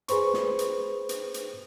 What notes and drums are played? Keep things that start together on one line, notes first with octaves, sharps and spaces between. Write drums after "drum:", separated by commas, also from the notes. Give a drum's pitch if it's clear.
G#4 B4 C5 C#6, drum: hi-hat
drum: snare
drum: hi-hat
drum: hi-hat
drum: hi-hat